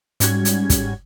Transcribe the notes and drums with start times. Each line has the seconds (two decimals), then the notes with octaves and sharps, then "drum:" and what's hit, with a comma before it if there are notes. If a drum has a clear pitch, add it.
0.20 G#2 G3 C#4 F#4 G#6, drum: hi-hat
0.45 drum: hi-hat
0.70 drum: kick, hi-hat